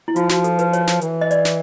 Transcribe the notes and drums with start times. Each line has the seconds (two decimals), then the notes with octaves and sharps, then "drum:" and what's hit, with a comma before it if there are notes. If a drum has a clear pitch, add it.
0.08 E4
0.16 F3 F4, drum: hi-hat
0.30 F3 F#4, drum: snare
0.44 A4, drum: hi-hat
0.59 B4, drum: hi-hat
0.73 C#5, drum: hi-hat
0.88 drum: snare
1.01 E3, drum: hi-hat
1.21 D#5
1.31 D5, drum: hi-hat
1.45 drum: snare